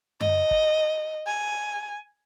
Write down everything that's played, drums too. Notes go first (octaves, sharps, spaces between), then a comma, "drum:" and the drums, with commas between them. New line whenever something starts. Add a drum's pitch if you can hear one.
D#5, drum: tom F#2
drum: kick
G#5